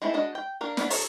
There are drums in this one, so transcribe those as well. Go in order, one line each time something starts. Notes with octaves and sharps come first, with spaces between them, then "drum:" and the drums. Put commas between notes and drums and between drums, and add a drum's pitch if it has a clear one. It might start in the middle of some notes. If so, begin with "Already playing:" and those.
G#3 A3 C4 E4
G#3 D4 F#4 D#5
G5
A#3 D4 A#4
B3 D4 B4, drum: snare
A4 C5 C#5 A#5, drum: open hi-hat